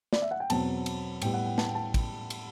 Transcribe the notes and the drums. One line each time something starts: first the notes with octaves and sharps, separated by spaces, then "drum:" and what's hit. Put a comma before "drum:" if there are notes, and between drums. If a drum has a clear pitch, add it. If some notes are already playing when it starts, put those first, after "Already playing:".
D5, drum: snare
E5
F#5
G5
E2 B2 F#3 C4 A5, drum: cymbal
drum: cymbal
A2 G3 B3 G5, drum: cymbal
F#5
G5
A5, drum: snare
G5
A5
drum: kick, cymbal
drum: cymbal